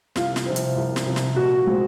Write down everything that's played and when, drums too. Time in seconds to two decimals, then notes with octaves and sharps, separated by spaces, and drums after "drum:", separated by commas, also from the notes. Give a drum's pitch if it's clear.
0.16 C2 F4, drum: snare
0.36 drum: snare
0.46 C3 F3 C4
0.56 drum: hi-hat
0.76 C2
0.96 drum: snare
1.06 C3 F3 C4
1.16 drum: snare
1.36 A#2 F#4
1.67 G#3 C4